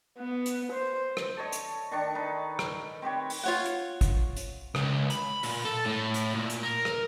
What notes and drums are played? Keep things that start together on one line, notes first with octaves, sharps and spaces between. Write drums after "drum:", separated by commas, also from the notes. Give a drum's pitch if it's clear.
B3
drum: hi-hat
C5
drum: rim click
A4 C#5 D#5
drum: hi-hat
D#3 D4 C#6
D#4 B4
drum: rim click
C4 G4 B4 C#5
drum: open hi-hat
F4 C#5 F#5
drum: hi-hat
drum: kick, hi-hat
drum: hi-hat
C#2, drum: rim click
B5, drum: hi-hat
A#2, drum: open hi-hat
A4
A2
drum: hi-hat
A#2
drum: hi-hat
A#4
drum: rim click